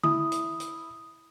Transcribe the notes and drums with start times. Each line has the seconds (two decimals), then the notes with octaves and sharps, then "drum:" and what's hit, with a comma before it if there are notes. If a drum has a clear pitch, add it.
0.04 E4 D#6, drum: tom D3
0.32 drum: hi-hat
0.60 drum: hi-hat